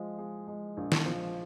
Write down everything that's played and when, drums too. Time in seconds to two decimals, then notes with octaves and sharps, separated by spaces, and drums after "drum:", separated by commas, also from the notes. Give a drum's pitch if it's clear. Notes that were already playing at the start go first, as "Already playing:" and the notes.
Already playing: F3 G#3
0.18 G#3
0.48 G#3
0.77 A#1
0.92 drum: snare
1.06 F3